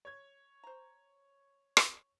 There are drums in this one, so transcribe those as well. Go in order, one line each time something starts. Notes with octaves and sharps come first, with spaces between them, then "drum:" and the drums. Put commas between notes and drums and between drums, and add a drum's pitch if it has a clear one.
C#5 G#6
C5 A#5
drum: rim click